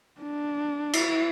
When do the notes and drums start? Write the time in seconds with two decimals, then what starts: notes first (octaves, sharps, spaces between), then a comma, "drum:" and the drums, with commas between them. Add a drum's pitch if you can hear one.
0.21 D4
0.93 E4, drum: cymbal